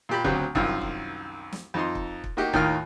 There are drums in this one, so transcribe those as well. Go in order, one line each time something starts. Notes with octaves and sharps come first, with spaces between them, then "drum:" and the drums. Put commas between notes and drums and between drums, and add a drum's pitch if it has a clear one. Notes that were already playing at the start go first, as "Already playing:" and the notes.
A#2 G4 B5
D2 C#3 F#3 C4 G4, drum: kick
C2 F#2 D#3 F4, drum: kick
drum: kick
drum: snare
F2 D#4 C6
drum: kick
drum: kick
A#3 D#4 F#4 G4
D#2 A2 D#3 F4 A#4 F6, drum: kick